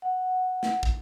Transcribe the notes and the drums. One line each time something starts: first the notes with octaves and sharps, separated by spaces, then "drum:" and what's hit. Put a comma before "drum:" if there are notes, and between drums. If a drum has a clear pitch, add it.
F#5
drum: snare
drum: kick